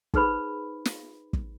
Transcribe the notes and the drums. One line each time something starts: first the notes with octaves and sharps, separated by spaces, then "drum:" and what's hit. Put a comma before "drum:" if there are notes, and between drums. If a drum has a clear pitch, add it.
D#4 G#4 B4 C5 B5, drum: kick
drum: snare
drum: kick